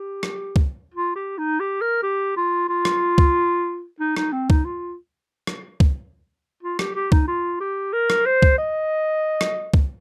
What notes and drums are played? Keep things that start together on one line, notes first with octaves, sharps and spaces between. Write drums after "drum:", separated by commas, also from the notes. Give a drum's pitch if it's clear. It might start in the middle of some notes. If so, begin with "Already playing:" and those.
Already playing: G4
drum: rim click
drum: kick C#2
F4
G4
D#4
G4
A#4
G4
F4
F4
drum: rim click
drum: kick C#2
D#4
D#4, drum: rim click
C4
D#4, drum: kick C#2
F4
drum: rim click
drum: kick C#2
F4
G4, drum: rim click
G4
D#4, drum: kick C#2
F4
G4
A#4
drum: rim click
C5
drum: kick C#2
D#5
drum: rim click
drum: kick C#2